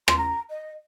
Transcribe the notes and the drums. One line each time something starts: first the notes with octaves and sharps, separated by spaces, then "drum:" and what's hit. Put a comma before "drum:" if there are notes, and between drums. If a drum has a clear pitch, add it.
C6, drum: rim click
A#5
D#5